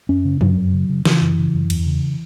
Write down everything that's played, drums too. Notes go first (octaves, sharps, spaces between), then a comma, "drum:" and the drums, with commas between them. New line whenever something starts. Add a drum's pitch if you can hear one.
F#2 C#4
C#3
F#2 F#3, drum: tom
F#2
C#3
C#3
C#3 E3, drum: snare
F#2
C#3
F#2
E2, drum: cymbal
C#3